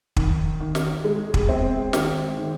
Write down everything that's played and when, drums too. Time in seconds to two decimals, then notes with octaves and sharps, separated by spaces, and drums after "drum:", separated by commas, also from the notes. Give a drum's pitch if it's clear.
0.16 D#3, drum: kick
0.60 D#3
0.75 drum: snare
1.04 G#3
1.34 drum: kick
1.49 C4
1.93 D#3, drum: snare
2.37 D#3